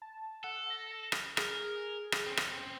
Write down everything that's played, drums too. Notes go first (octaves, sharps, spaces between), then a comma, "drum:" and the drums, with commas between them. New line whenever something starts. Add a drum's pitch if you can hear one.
A5
A4 F#5
A#6
drum: rim click
G#4 A#4, drum: rim click
drum: rim click
C4 C#4
drum: rim click